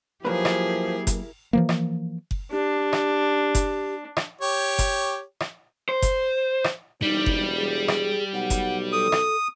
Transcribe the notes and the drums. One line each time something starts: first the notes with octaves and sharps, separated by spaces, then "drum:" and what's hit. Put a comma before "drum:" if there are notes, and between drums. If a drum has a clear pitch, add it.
F3 F#3 A#3 E4 G4 G#4 A#4 B4
drum: rim click
drum: kick F#1, hi-hat
E3 F3 A#3
drum: rim click
drum: kick F#1
D4 G4
drum: rim click
drum: kick F#1, hi-hat
drum: rim click
G4 C#5
drum: kick F#1, hi-hat
drum: rim click
C5
drum: kick F#1, hi-hat
drum: rim click
E1 G3 D#4
drum: kick F#1
G#4
drum: rim click
B1 F#5
drum: kick F#1, hi-hat
A4 D#6
drum: rim click